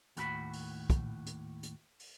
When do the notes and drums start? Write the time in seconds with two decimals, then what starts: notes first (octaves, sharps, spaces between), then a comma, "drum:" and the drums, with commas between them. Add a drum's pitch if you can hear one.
0.17 D#2 A2 F#4 A#5 B5, drum: hi-hat
0.53 drum: open hi-hat
0.90 drum: kick, hi-hat
1.26 drum: hi-hat
1.63 drum: hi-hat
1.99 drum: open hi-hat